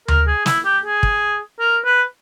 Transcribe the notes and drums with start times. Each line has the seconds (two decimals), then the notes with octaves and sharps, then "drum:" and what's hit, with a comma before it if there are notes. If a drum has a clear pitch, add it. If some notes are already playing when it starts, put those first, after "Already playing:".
0.08 A#4, drum: tom D2
0.27 G#4
0.46 E4, drum: snare
0.65 G4
0.84 G#4
1.03 drum: kick
1.60 A#4
1.85 B4